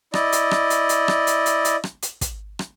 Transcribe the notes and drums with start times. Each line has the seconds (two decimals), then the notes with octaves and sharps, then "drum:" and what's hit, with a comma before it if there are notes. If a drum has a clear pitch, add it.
0.14 E4 D5 D#5, drum: rim click
0.32 drum: hi-hat
0.51 drum: rim click
0.70 drum: hi-hat
0.89 drum: hi-hat
1.08 drum: rim click
1.27 drum: hi-hat
1.46 drum: hi-hat
1.65 drum: hi-hat
1.84 drum: rim click
2.02 drum: hi-hat
2.21 drum: kick, hi-hat
2.59 drum: rim click